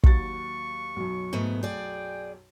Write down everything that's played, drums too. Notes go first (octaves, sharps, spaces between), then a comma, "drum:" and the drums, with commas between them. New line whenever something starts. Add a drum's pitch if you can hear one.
D#2 F#3 C#6 A6, drum: kick
B1 F#2
G#2 A3 B3
G#4 D5 G5